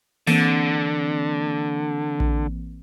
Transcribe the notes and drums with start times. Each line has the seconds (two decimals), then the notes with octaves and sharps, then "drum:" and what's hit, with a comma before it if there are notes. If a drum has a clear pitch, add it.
0.27 D3 E3 A#3 C4, drum: open hi-hat
2.20 drum: kick A#1